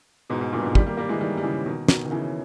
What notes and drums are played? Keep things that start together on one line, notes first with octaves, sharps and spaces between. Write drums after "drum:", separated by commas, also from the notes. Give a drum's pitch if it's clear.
G#2 B2
G#2
G2 A#2
G#2 B2
D#3 G3, drum: kick
G3 A#3
G3 A#3
E3 G#3
D#3 G3
G3
C#3 E3
B2 D#3
B2 D#3, drum: snare
D#3
C#3 E3